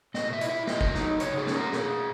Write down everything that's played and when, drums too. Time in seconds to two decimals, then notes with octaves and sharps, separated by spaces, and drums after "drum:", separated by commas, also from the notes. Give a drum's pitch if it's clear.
0.14 B2 D#5, drum: snare
0.33 E5
0.41 E4, drum: hi-hat
0.50 E5
0.67 F#3 D#5, drum: snare
0.81 drum: kick
0.94 D#4, drum: snare
1.20 C#3 C#5, drum: hi-hat
1.37 G#4
1.47 C#4, drum: snare
1.56 A#4
1.72 B2 G#4, drum: snare